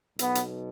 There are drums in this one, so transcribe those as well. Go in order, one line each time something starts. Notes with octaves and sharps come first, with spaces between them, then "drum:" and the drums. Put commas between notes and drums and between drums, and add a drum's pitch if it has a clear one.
B1 B2 B3, drum: hi-hat
drum: hi-hat